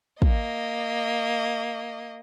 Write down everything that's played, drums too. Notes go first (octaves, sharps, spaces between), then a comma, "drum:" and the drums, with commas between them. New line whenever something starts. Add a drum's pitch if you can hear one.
A#3 D#5, drum: kick